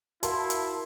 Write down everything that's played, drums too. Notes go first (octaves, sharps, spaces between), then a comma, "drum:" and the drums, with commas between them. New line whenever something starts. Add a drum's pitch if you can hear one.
E4 F#4 A#4 F5 A5 C6, drum: hi-hat
drum: hi-hat